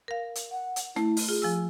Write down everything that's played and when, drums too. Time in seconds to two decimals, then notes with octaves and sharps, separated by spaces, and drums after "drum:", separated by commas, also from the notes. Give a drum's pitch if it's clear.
0.08 A#4 F5
0.35 drum: hi-hat
0.52 F#5
0.76 drum: hi-hat
0.96 A3 E4, drum: snare
1.17 drum: open hi-hat
1.29 F4 G#4
1.42 F3 G#5 E6